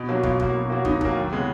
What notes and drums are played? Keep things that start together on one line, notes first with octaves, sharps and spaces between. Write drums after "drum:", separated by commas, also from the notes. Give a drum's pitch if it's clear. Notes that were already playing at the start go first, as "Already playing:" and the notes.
Already playing: B2
F#3 A#3
B2 F4, drum: kick
F#3 A#3, drum: kick
B2
F#3 A#3
B2 D#4, drum: kick
F#3 A#3, drum: kick
D#2
C#3 G#3 B3